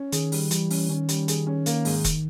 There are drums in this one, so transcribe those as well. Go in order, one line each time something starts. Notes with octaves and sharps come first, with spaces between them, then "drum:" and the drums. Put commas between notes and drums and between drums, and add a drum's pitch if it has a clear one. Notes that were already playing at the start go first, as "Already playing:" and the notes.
Already playing: C#4
D#3 G#4, drum: hi-hat
G3, drum: open hi-hat
E3 G3, drum: hi-hat
C#4, drum: open hi-hat
D#3 C#4
G3, drum: hi-hat
G#4, drum: hi-hat
C#4
A#3, drum: hi-hat
G#2, drum: open hi-hat
drum: kick E1, hi-hat